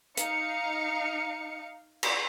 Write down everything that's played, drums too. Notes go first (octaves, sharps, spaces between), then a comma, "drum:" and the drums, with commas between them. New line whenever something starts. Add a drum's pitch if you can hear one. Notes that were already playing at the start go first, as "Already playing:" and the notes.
D#4 F5 C#7, drum: hi-hat
drum: cymbal